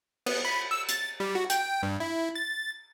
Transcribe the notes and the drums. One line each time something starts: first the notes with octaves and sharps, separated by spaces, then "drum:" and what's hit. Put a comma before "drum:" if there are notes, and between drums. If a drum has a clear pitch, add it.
B3, drum: cymbal
B5
E6
A6, drum: hi-hat
G3
F#4
G5, drum: hi-hat
G2
E4
A6